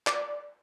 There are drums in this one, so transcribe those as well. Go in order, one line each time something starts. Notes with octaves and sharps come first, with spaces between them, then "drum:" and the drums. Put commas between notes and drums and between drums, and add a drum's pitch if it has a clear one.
D5, drum: clap